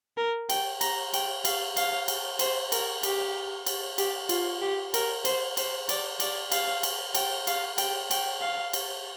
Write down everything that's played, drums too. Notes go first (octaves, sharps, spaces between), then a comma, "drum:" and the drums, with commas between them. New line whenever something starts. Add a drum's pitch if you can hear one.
A#4
G5, drum: cymbal
A#5, drum: cymbal
G5, drum: cymbal
F5, drum: cymbal
F5, drum: cymbal
drum: cymbal
C5, drum: cymbal
A#4, drum: cymbal
G4, drum: cymbal
drum: cymbal
G4, drum: cymbal
F4, drum: cymbal
G4
A#4, drum: cymbal
C5, drum: cymbal
C5, drum: cymbal
D5, drum: cymbal
D5, drum: cymbal
F5, drum: cymbal
drum: cymbal
G5, drum: cymbal
F5, drum: cymbal
G5, drum: cymbal
G5, drum: cymbal
F5
drum: cymbal